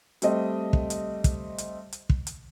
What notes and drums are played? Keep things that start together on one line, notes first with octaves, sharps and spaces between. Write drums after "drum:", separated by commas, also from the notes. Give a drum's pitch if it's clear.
G3 A3 C4 D#5, drum: hi-hat
drum: kick
drum: hi-hat
drum: kick, hi-hat
drum: hi-hat
drum: hi-hat
drum: kick
drum: hi-hat